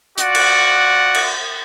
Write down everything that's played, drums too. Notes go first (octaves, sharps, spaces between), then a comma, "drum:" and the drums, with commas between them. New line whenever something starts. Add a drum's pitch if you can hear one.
F4 F#4 D5 F#5, drum: hi-hat
drum: cymbal
drum: cymbal